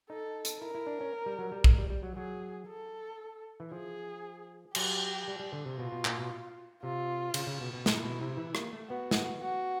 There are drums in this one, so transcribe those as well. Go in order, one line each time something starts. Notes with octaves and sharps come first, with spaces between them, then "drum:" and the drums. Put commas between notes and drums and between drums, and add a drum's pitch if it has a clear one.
D#4 A4
drum: hi-hat
E4 A#4
E4
D4
C#4
G3
F#3
G3
G#3, drum: kick
G3
G3
F#3
F#3 G#4
A4
E3
F3 G#4
F#3 G4, drum: cymbal
G3
G3
D3
C3
B2 F4
B2
A#2, drum: clap
B2
C3 F4
C#3, drum: cymbal
C#3
B2
B2
A#2 E4, drum: snare
B2
C3
E3
A#3, drum: rim click
A3
B3 F#4
drum: snare
F#4